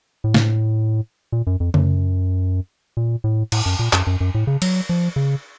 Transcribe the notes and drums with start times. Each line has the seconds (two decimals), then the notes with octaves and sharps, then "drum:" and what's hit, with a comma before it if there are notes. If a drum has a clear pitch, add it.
0.24 A2
0.34 drum: snare
1.32 A#2
1.47 F#2
1.60 F2
1.74 F#2, drum: tom C#3
2.97 A#2
3.24 A2
3.52 A2, drum: cymbal
3.66 F#2
3.79 A#2
3.93 F#2, drum: clap
4.07 F#2
4.21 F#2
4.35 A2
4.47 C#3
4.62 F#3, drum: cymbal
4.89 F3
5.16 C#3